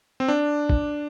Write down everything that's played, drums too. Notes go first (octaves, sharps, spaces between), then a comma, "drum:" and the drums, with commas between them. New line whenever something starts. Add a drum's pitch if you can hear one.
C4
D4
drum: kick